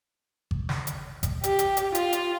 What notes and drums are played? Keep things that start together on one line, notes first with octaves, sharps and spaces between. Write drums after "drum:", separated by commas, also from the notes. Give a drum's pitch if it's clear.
drum: kick G#1
drum: snare
drum: hi-hat
drum: kick G#1, hi-hat
G4, drum: hi-hat
drum: hi-hat
drum: hi-hat
F4, drum: hi-hat
drum: hi-hat